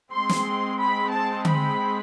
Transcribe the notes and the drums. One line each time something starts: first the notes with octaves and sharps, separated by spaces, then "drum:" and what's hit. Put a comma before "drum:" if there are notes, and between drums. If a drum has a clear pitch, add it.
G#3 C4 C6
drum: snare
B5
A5
B5, drum: tom D3